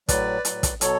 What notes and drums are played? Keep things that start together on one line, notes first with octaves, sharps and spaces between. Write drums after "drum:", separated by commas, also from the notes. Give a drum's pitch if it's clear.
A2 F#3 B4 D5, drum: kick, hi-hat
F#3, drum: hi-hat
A2
drum: kick, hi-hat
B2 F#3 A4 C#5, drum: hi-hat